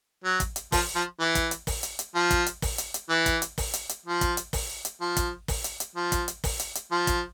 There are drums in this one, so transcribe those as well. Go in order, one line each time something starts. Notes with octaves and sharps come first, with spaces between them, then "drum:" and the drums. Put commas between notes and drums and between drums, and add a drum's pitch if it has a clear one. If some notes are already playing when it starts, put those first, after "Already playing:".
F#3
drum: kick, hi-hat
drum: hi-hat
F3, drum: kick, open hi-hat
F3
E3
drum: kick, hi-hat
drum: hi-hat
drum: kick, open hi-hat
drum: hi-hat
drum: hi-hat
F3
drum: kick, hi-hat
drum: hi-hat
drum: kick, open hi-hat
drum: hi-hat
drum: hi-hat
E3
drum: kick, hi-hat
drum: hi-hat
drum: kick, open hi-hat
drum: hi-hat
drum: hi-hat
F3
drum: kick, hi-hat
drum: hi-hat
drum: kick, open hi-hat
drum: hi-hat
F3
drum: kick, hi-hat
drum: kick, open hi-hat
drum: hi-hat
drum: hi-hat
F3
drum: kick, hi-hat
drum: hi-hat
drum: kick, open hi-hat
drum: hi-hat
drum: hi-hat
F3
drum: kick, hi-hat